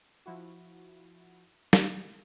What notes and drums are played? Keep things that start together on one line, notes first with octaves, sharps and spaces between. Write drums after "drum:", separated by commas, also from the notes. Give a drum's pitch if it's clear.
F3 E4 F#4
drum: snare